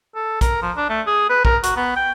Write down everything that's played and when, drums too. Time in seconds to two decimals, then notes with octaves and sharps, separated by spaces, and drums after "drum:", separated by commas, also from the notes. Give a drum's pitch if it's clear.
0.15 A4
0.41 A#4, drum: kick B1, hi-hat
0.62 F3
0.77 D4
0.89 A3
1.07 G#4
1.30 B4
1.45 A#4, drum: kick B1
1.63 F#4, drum: hi-hat
1.77 B3
1.97 G5